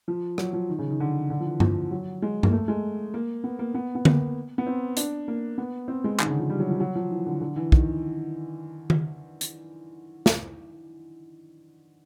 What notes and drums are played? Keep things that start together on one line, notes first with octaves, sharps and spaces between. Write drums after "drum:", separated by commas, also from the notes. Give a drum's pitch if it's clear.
F3
F#3, drum: rim click
F3
D#3
C#3
D#3
D3
D3
F3
E3
F3, drum: tom G2
F#3
G#3
A#3, drum: tom G2
A3
G#3
A#3
B3
A#3
B3
B3
A#3, drum: tom D3
B3
C4
D4, drum: hi-hat
A#3
B3
C4
G#3
D#3, drum: clap
C#3
D3
F3
G3
F#3
F3
F#3
F3
E3
D3
D3
E3
D#3, drum: kick
drum: tom D#3
drum: hi-hat
drum: snare